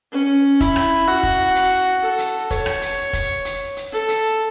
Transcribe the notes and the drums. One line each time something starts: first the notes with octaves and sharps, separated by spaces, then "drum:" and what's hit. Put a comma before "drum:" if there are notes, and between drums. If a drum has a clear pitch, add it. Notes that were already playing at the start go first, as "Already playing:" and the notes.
C#4
E4, drum: kick F1, hi-hat
drum: rim click
F#4
drum: kick F1
drum: hi-hat
A4
drum: hi-hat
C#5, drum: kick F1, hi-hat
drum: rim click
drum: hi-hat
drum: kick F1, hi-hat
drum: hi-hat
drum: hi-hat
A4
drum: hi-hat